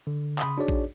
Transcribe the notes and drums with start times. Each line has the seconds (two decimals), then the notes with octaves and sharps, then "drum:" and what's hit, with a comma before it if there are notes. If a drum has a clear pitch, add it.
0.07 D3
0.39 C#3 B5 C6 D#6, drum: clap
0.58 D4 D#4 F#4 G#4 C#5 D5
0.68 drum: kick A1